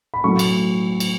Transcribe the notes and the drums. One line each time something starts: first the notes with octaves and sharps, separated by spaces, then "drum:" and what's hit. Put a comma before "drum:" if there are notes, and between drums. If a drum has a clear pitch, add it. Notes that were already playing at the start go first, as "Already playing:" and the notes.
B5
A2 F#3 A3 C#6
drum: cymbal
drum: cymbal